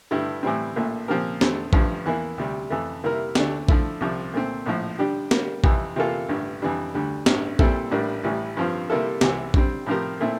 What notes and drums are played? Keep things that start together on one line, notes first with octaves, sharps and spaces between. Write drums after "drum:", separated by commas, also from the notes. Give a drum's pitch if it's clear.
G2 D3 A3 E4 G4
A2 E3 G3 C4
A#1 A#2 A3
A#2 F3 C4 G4 A#4
E2 D3 A3 C4, drum: snare
A1 G2 D3 F3, drum: kick A#1
E2 E3 A#3 E4
D2 C3 G3
F2 E3 A3
C3 G3 A#3 E4 A#4
D2 D3 A3 D4, drum: snare
D3 F3 A3 E4, drum: kick A#1
C2 C3 F3
A#2 A3 C4
A#1 A2 F3
D3 G3 D4 G4
D3 G3 A#3, drum: snare
F2 C3 E3, drum: kick A#1
C3 E3 A#3 F4 A4
A1 G2 D3
F2 E3 G3 D4
D2 D3 G3
A1 G2 D3, drum: snare
A#2 G3 C4 E4 A4, drum: kick A#1
A1 A2 G3 A#3 D4
A1 A2 E3 G3
G2 F3 C4 F4
C3 G3 A#3 E4 A4
C2 C3 E3, drum: snare
D3 G3 C4, drum: kick A#1
A2 F3 C4 G4 A#4
A#2 A3 C4 E4